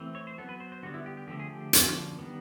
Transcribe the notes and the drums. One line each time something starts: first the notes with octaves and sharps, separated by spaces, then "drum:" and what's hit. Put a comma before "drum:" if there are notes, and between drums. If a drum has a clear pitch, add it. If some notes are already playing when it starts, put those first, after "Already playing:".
Already playing: E3 A3 C4
C#5
C5
F#3 B3 A4
B4
C5
C5
D3 G3 B3 F#4
E4
G4
G4
D3 F3 A3 G4
G#4
G4
D3 F3 A#3 C#4, drum: hi-hat
D#3 G3 B3